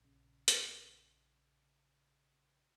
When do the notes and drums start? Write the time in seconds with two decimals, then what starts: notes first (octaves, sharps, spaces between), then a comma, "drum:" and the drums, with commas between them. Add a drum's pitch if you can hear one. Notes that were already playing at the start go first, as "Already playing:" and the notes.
0.01 A#1 C#3
0.48 drum: hi-hat